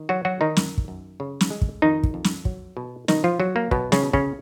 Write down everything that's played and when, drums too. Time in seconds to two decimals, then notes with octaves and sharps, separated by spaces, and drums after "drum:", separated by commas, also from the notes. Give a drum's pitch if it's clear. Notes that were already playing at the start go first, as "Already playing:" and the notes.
Already playing: D#3
0.09 F#3 F#4
0.25 F#3 F#4
0.41 D#3 D#4
0.57 F#2, drum: snare
0.78 drum: kick
0.88 F#2
1.20 C#3
1.41 drum: snare
1.50 G#3
1.62 drum: kick
1.82 F2 D#3 D#4
2.03 drum: kick
2.14 F2
2.24 drum: snare
2.45 F#3, drum: kick
2.77 B2
3.08 B2 D#3 D#4, drum: snare
3.24 F3 F4
3.40 F#3 F#4
3.56 A#3
3.71 B2 F#3 B3, drum: kick
3.92 C#3 C#4, drum: snare
4.03 B2
4.13 C#3 C#4, drum: kick